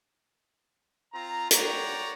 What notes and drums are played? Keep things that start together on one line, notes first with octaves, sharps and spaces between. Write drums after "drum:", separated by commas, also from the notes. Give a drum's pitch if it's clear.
C4 F4 A#5
F#4 C#5 D5 G5 A#5, drum: hi-hat